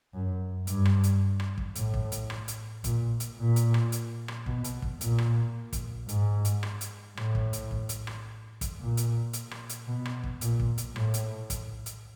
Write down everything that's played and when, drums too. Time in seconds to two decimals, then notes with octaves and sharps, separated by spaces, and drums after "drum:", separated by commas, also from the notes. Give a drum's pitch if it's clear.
0.14 F#2
0.67 G2, drum: hi-hat
0.85 drum: rim click
1.04 drum: hi-hat
1.40 drum: rim click
1.58 drum: kick
1.75 A2, drum: hi-hat
1.94 drum: kick
2.12 drum: hi-hat
2.30 drum: rim click
2.48 drum: hi-hat
2.84 A#2, drum: kick, hi-hat
3.20 drum: hi-hat
3.38 A#2
3.56 drum: hi-hat
3.74 drum: rim click
3.92 drum: hi-hat
4.28 drum: rim click
4.46 B2, drum: kick
4.64 drum: hi-hat
4.82 drum: kick
5.01 A#2, drum: hi-hat
5.18 drum: rim click
5.73 drum: kick, hi-hat
6.09 G#2, drum: hi-hat
6.45 drum: hi-hat
6.63 drum: rim click
6.81 drum: hi-hat
7.17 A2, drum: rim click
7.35 drum: kick
7.53 drum: hi-hat
7.71 drum: kick
7.89 drum: hi-hat
8.07 drum: rim click
8.61 drum: kick, hi-hat
8.79 A#2
8.97 drum: hi-hat
9.33 drum: hi-hat
9.51 drum: rim click
9.69 drum: hi-hat
9.88 B2
10.05 drum: rim click
10.24 drum: kick
10.41 A#2, drum: hi-hat
10.60 drum: kick
10.78 drum: hi-hat
10.96 A2, drum: rim click
11.14 drum: hi-hat
11.50 drum: kick, hi-hat
11.86 drum: hi-hat